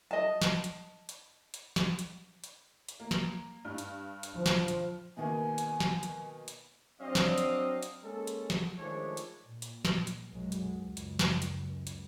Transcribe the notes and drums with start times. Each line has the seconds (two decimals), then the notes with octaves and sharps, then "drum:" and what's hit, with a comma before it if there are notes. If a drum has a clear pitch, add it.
0.11 D#5 A5
0.42 drum: snare
0.64 drum: hi-hat
1.09 drum: hi-hat
1.54 drum: hi-hat
1.76 drum: snare
1.99 drum: hi-hat
2.44 drum: hi-hat
2.89 drum: hi-hat
3.00 A#3
3.11 drum: snare
3.65 G2
3.78 drum: hi-hat
4.23 drum: hi-hat
4.36 F3
4.46 drum: snare
4.68 drum: hi-hat
5.17 B2 D#3 A#3 G#5
5.58 drum: hi-hat
5.80 drum: snare
6.03 drum: hi-hat
6.48 drum: hi-hat
7.00 F#3 C4 D4 D5 D#5 F5
7.15 drum: snare
7.38 drum: hi-hat
7.83 drum: hi-hat
8.03 G#3 A#3 C#4 A4
8.27 drum: hi-hat
8.50 drum: snare
8.78 D#3 F3 G#3 A3 D4 C#5
9.17 drum: hi-hat
9.48 A#2
9.62 drum: hi-hat
9.85 drum: snare
10.07 drum: hi-hat
10.30 B1 F#2 F#3 G#3
10.52 drum: hi-hat
10.74 C#2 F#2
10.97 drum: hi-hat
11.19 drum: snare
11.42 drum: hi-hat
11.87 drum: hi-hat